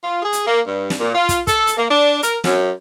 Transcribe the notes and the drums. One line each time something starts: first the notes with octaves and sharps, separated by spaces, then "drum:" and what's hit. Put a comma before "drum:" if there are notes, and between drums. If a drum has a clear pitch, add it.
F4
G#4
drum: hi-hat
A#3
G2
drum: snare
A#2
F4
drum: kick, hi-hat
A4, drum: kick, hi-hat
drum: hi-hat
A#3
D4
A#4, drum: hi-hat
F#2, drum: snare